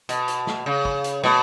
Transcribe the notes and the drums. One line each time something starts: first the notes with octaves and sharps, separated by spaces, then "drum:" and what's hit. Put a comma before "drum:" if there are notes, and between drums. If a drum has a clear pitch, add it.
B2, drum: hi-hat
drum: hi-hat
drum: snare
C#3
drum: kick
drum: hi-hat
B2, drum: snare